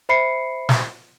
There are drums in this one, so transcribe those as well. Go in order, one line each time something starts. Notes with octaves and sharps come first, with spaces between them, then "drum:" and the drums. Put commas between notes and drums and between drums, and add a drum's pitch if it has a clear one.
C5 E5 B5 C7 C#7
drum: snare